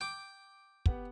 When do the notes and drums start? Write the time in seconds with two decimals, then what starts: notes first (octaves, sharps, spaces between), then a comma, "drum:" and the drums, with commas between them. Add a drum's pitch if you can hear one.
0.01 G5 D6
0.86 B3 G4 F#5, drum: kick